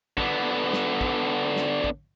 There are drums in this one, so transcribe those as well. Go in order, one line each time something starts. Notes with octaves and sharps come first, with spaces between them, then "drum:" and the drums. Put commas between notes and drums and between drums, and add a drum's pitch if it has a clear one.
D3 B3, drum: kick
drum: snare
drum: kick
drum: snare
drum: kick